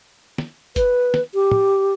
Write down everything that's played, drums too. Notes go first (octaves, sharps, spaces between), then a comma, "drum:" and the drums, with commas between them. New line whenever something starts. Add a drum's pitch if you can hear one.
drum: snare
B4, drum: kick G1, hi-hat
drum: snare
G4
drum: tom